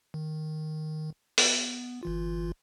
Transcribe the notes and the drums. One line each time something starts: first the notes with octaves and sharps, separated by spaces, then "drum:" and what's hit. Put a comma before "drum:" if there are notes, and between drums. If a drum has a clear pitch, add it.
D#3
B3, drum: open hi-hat
G1 E3 F4